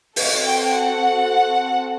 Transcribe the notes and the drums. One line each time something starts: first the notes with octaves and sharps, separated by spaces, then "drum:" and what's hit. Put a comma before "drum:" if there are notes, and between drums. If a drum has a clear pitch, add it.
C4 F#4 A4, drum: open hi-hat
G5
F#5